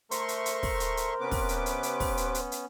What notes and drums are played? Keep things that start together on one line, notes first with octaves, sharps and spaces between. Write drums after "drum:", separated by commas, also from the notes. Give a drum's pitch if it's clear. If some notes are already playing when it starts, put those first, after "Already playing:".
A3 A#4 C5 E5 A#5 C6 C#6, drum: hi-hat
drum: hi-hat
drum: hi-hat
drum: kick, open hi-hat
drum: hi-hat
drum: hi-hat
C3 B3 C#4 B4 D6
drum: kick, open hi-hat
drum: hi-hat
drum: hi-hat
drum: hi-hat
drum: kick, open hi-hat
drum: hi-hat
drum: hi-hat
drum: hi-hat